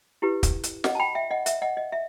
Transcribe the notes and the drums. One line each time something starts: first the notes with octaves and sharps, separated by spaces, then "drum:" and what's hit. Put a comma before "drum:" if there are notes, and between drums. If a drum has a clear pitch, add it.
E4 G4 B4
drum: kick, hi-hat
drum: hi-hat
D#5 F#5, drum: snare
A5
G5 B5
E5 G5
D#5 F#5
E5, drum: hi-hat
D#5 F#5
D#5
E5